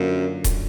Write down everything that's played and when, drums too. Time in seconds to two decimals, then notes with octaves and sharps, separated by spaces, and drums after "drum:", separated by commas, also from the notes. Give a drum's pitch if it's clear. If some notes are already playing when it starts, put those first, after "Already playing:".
Already playing: F#2 D3 F#3 A#3 D4 F4
0.44 drum: kick D#1, hi-hat